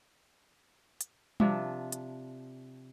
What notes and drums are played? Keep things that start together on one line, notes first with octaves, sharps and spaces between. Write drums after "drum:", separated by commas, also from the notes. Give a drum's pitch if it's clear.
drum: hi-hat
C3 F3 D4 E5, drum: tom G3
drum: hi-hat